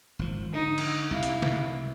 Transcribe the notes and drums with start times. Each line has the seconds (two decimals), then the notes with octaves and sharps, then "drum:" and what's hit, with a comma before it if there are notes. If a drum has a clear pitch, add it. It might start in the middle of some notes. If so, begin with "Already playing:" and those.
0.19 G#1 F3
0.54 D3 D#4
0.78 drum: cymbal
1.11 C2 E4 F5
1.23 drum: hi-hat
1.42 drum: snare